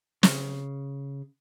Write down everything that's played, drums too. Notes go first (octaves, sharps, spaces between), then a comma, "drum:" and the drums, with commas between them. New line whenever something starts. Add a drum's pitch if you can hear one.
C#3, drum: snare